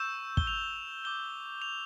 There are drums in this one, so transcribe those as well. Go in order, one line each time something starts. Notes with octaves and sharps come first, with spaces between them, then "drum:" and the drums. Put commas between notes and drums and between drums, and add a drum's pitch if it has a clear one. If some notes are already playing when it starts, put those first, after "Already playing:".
Already playing: C#6 E6 G6 E7
G7, drum: kick
F7
D6 G6 G7
F7